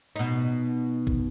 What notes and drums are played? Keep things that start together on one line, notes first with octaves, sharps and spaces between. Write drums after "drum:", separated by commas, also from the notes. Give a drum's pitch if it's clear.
B2 D#4
drum: kick